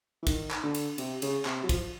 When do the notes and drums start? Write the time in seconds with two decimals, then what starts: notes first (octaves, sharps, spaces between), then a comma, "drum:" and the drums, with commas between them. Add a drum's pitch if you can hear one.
0.23 E3
0.27 D#3, drum: kick, cymbal
0.51 drum: clap
0.63 D3
0.74 drum: cymbal
0.98 C3, drum: cymbal
1.22 C#3, drum: cymbal
1.45 C3, drum: clap
1.64 F#3
1.69 F3, drum: kick, cymbal